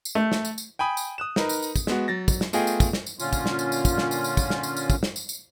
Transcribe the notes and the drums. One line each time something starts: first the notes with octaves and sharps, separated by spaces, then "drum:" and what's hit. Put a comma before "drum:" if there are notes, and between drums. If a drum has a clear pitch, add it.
drum: tambourine
A3
drum: snare
drum: tambourine
drum: tambourine
G5 G#5 B5 D#6
drum: tambourine
D#6 F#6 E7
D#4 A#4 B4, drum: snare
drum: tambourine
drum: tambourine
drum: kick, tambourine
G#3 B3 F#4, drum: snare
F#3 A6 A#6
drum: kick, tambourine
drum: snare
A3 B3 F4 G#4 D#5 G5, drum: tambourine
drum: tambourine
drum: kick, tambourine
drum: snare
drum: tambourine
A#2 D3 C#4 F4, drum: tambourine
drum: kick, tambourine
drum: snare
drum: tambourine
drum: tambourine
drum: kick, tambourine
drum: snare
drum: tambourine
drum: tambourine
drum: kick, tambourine
drum: snare
drum: tambourine
drum: tambourine
drum: kick, tambourine
drum: snare
drum: tambourine
drum: tambourine